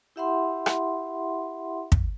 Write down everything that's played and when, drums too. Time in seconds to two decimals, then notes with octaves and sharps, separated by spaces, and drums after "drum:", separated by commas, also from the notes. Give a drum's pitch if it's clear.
0.16 E4 G4 E5 F#5 B5 C6
0.66 drum: rim click
1.92 drum: kick